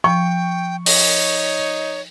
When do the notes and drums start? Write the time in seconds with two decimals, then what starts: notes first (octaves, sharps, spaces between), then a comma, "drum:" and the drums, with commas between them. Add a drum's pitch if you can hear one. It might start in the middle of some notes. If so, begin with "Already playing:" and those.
0.04 F3 G5 C#6
0.86 D#4 C#5, drum: open hi-hat